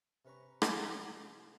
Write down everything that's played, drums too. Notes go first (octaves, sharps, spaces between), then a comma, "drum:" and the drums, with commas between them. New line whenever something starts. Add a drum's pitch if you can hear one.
C3 C#4 B4 A#5 C#6
drum: rim click